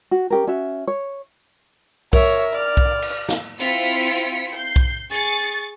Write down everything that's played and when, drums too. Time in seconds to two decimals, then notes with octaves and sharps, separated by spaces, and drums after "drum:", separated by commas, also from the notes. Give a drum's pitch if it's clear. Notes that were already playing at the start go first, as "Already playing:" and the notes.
0.11 F#4
0.30 C#4 G4 A#4
0.47 C#4 F#4 E5
0.87 C#5
2.13 A#4 C#5 E5, drum: kick B1
2.54 D5 F6
2.77 drum: kick B1
3.02 drum: cymbal
3.29 drum: snare
3.60 C4 E4 F4 B6 C#7, drum: hi-hat
4.53 G6 C7
4.76 drum: kick B1
5.12 G#4 C#6 A6 C#7